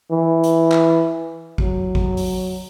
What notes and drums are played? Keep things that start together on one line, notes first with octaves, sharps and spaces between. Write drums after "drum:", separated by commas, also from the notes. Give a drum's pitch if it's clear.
E3
drum: hi-hat
drum: clap
F#3, drum: kick G#1
drum: kick G#1
drum: open hi-hat